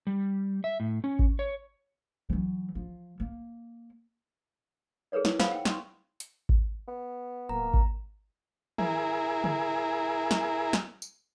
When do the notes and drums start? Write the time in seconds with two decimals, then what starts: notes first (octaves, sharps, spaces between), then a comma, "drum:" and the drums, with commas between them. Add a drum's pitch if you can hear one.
0.07 G3
0.64 E5
0.80 A2
1.04 C#4
1.19 drum: kick G#1
1.39 C#5
2.29 E3 F#3
2.75 F3
3.20 A#3
5.12 G#4 A#4 B4 C#5 D5
5.25 E4, drum: snare
5.40 C5 F5 F#5 G#5 B5, drum: snare
5.52 F#5 G5
5.65 C6 C#6, drum: snare
6.20 drum: hi-hat
6.49 drum: kick G#1
6.88 B3
7.49 D1 A#3 A#5
7.74 drum: kick G#1
8.78 E4 G#4 A#4, drum: tom
9.44 drum: tom C#3
10.31 drum: snare
10.73 drum: snare
11.02 drum: tambourine